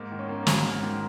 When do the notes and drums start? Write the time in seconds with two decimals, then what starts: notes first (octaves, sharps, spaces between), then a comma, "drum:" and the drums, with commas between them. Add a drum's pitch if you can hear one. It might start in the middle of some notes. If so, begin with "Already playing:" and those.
Already playing: G#2 A#3
0.11 D#3
0.19 C#4
0.28 D#3 A#3
0.43 A#3
0.47 F#3 G#3, drum: snare
0.64 G#2 A#3
0.82 D#3 A#3